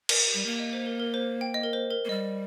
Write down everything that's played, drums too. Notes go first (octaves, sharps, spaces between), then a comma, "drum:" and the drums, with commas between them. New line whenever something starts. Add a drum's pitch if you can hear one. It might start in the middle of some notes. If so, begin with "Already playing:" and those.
A#4, drum: cymbal
G4
G3
A#3 A#4
D#5
C5
A#4
A#4
C5
G5
D#5
A#4
C5
A#4
A#3
G3 D#5